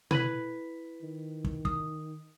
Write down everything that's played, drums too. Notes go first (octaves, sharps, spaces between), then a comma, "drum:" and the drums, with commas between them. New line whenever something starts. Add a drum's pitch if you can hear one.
E4 B4 G#6 B6 D#7 F#7, drum: tom B2
D#3
drum: kick
D#6, drum: kick